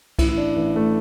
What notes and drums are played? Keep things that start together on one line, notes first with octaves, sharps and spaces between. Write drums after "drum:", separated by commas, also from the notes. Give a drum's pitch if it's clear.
A1 E4, drum: kick C2, cymbal
E4
D4
A1
A3